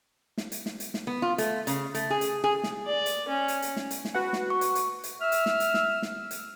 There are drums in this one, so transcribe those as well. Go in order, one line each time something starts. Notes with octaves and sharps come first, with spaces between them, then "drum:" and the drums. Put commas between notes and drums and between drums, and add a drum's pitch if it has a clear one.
drum: snare
drum: hi-hat
drum: snare
drum: hi-hat
drum: snare
B3
F4
A3, drum: hi-hat
C#3, drum: hi-hat
A3, drum: hi-hat
G#4
drum: hi-hat
G#4
drum: snare
D5
drum: hi-hat
C#4
drum: hi-hat
drum: hi-hat
drum: snare
drum: hi-hat
drum: snare
F#4 B4 F#5
drum: snare
C#6
drum: hi-hat
drum: hi-hat
drum: hi-hat
E5 E6 F6
drum: hi-hat
drum: snare
drum: hi-hat
drum: snare
drum: snare
drum: hi-hat